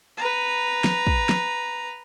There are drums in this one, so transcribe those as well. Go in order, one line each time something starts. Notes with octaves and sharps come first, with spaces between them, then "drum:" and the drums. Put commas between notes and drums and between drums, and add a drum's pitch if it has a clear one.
B4 A#5
drum: snare
drum: kick
drum: snare